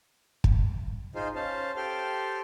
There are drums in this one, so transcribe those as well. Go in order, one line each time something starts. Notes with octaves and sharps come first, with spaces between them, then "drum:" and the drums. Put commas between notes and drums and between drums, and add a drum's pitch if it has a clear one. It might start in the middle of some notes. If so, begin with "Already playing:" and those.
drum: kick
D#4 F4 G#4 C5
C#4 C5 F5 A5
G4 A4 C5 C6 F6